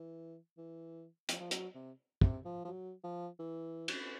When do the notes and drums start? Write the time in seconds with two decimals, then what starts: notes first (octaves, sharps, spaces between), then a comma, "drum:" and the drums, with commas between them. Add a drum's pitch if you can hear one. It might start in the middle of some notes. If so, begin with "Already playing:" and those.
Already playing: E3
0.58 E3
1.29 F3, drum: hi-hat
1.40 F3
1.51 F#3, drum: hi-hat
1.75 C3
2.21 C3, drum: kick
2.45 F3
2.65 F3
2.68 F#3
3.04 F3
3.39 E3
3.88 drum: cymbal